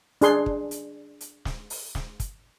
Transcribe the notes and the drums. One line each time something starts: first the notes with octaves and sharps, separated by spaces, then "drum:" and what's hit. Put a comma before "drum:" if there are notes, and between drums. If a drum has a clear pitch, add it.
D4 G#4 C6, drum: hi-hat
drum: kick
drum: hi-hat
drum: hi-hat
drum: snare
drum: open hi-hat
drum: snare
drum: kick, hi-hat